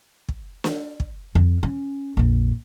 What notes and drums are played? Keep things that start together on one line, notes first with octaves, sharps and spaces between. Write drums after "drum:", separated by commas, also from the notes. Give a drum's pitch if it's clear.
drum: kick
drum: snare
drum: kick
F2
C#4
A#1 F2